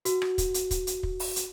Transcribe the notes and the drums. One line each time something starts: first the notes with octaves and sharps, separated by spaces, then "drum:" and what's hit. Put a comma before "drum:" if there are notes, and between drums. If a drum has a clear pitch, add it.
F#4, drum: hi-hat
drum: rim click
drum: kick, hi-hat
drum: hi-hat
drum: kick, hi-hat
drum: hi-hat
drum: kick
drum: open hi-hat
drum: hi-hat